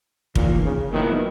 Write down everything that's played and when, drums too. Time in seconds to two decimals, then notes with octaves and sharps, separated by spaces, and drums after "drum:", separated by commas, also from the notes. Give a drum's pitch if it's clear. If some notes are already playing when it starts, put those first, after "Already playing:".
0.35 E2 A#2 D#3 A#3, drum: kick
0.64 C#3
0.92 A#2 D#3 F#3 B3 E4